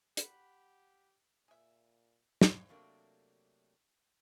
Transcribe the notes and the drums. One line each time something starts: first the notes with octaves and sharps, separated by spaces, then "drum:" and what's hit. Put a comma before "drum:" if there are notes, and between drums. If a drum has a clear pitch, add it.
G4 F#5 B5, drum: hi-hat
A#2 G#4 E5
drum: snare
C3 F#3 A3 A#3 D4